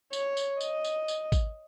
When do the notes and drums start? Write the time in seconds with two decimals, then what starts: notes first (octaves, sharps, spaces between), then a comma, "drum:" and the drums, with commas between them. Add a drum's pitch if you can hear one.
0.13 C#5, drum: tambourine
0.37 drum: tambourine
0.61 D#5, drum: tambourine
0.84 drum: tambourine
1.08 drum: tambourine
1.32 drum: kick, tambourine